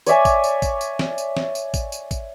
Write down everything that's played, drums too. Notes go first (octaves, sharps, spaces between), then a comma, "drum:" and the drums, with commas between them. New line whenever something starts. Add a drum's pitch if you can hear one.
C#5 D5 E5 G#5, drum: tambourine
drum: kick, tambourine
drum: tambourine
drum: kick, tambourine
drum: tambourine
drum: snare
drum: tambourine
drum: snare
drum: tambourine
drum: kick, tambourine
drum: tambourine
drum: kick, tambourine